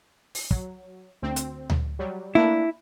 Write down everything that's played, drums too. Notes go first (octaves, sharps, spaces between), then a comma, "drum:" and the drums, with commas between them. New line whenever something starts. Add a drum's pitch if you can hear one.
drum: open hi-hat
F#3, drum: kick
D2 C4
drum: hi-hat
drum: tom D2
F#3 G3
A3 A#3 D4 E4